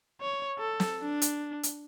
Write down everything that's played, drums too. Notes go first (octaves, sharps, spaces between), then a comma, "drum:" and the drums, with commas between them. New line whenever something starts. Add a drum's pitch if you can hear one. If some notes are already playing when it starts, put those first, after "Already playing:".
C#5
A4
drum: snare
D4
drum: hi-hat
drum: hi-hat